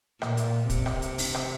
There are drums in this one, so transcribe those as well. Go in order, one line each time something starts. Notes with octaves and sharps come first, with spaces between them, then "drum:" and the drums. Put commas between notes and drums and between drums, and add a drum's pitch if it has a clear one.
A#2, drum: rim click
drum: hi-hat
C3, drum: kick, hi-hat
drum: rim click
drum: hi-hat
drum: open hi-hat
drum: rim click